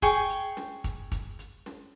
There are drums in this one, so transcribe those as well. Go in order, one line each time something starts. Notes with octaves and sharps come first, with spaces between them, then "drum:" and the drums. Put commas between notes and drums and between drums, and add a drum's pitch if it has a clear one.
G#4 G5 C#6, drum: kick, hi-hat
drum: hi-hat
drum: snare
drum: kick, hi-hat
drum: kick, hi-hat
drum: hi-hat
drum: snare